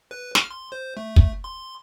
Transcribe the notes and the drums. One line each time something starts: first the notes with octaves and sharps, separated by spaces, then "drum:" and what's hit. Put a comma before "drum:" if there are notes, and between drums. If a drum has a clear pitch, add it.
B4
F6, drum: snare
C6
C5
A3
drum: kick
C6